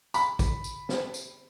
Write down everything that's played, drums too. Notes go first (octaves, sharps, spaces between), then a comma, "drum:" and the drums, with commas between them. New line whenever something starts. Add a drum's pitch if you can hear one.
B5, drum: tambourine
drum: kick A1, tambourine
drum: tambourine
drum: snare
drum: tambourine